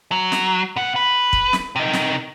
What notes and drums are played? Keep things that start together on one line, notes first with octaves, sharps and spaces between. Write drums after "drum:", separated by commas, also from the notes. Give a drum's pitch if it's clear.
F#3
drum: snare
B2 F#5
B4
drum: kick
drum: snare
C3 D#4
drum: snare